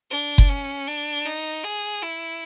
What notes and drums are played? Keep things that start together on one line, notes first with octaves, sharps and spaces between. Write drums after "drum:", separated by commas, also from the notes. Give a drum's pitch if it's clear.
D4
drum: kick F#1
C#4
D4
D#4
G#4
E4